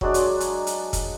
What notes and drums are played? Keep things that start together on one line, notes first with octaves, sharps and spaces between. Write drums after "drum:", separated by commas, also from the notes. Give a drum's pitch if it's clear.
F#3 G#3 D4, drum: kick
drum: hi-hat
drum: hi-hat
drum: hi-hat
drum: kick, hi-hat